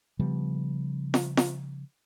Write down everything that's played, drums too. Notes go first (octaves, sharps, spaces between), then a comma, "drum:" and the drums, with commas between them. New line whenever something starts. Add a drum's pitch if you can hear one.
C#3 F3 G3 B3
drum: snare F4
drum: snare F4